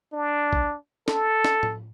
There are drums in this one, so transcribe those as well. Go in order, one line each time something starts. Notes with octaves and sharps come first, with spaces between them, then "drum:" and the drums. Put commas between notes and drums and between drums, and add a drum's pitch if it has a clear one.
D4
drum: kick
A4, drum: snare
drum: snare
drum: tom A2